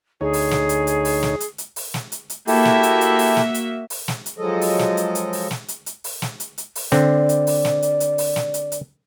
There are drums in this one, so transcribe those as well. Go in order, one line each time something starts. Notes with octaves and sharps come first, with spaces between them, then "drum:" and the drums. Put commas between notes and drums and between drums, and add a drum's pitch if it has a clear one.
D2 D#4 G#4 C#5
drum: open hi-hat
drum: snare
drum: hi-hat
drum: hi-hat
drum: open hi-hat
drum: snare
drum: hi-hat
drum: hi-hat
drum: open hi-hat
drum: snare
drum: hi-hat
drum: hi-hat
A#3 E4 F#4 G4 A4 E5, drum: open hi-hat
drum: snare
drum: hi-hat
drum: hi-hat
drum: open hi-hat
drum: snare
drum: hi-hat
drum: open hi-hat
drum: snare
drum: hi-hat
F3 F#3 G#3 A4 D#5
drum: open hi-hat
drum: snare
drum: hi-hat
drum: hi-hat
drum: open hi-hat
drum: snare
drum: hi-hat
drum: hi-hat
drum: open hi-hat
drum: snare
drum: hi-hat
drum: hi-hat
drum: open hi-hat
D3 C4 D5, drum: snare
drum: hi-hat
drum: open hi-hat
drum: snare
drum: hi-hat
drum: hi-hat
drum: open hi-hat
drum: snare
drum: hi-hat
drum: hi-hat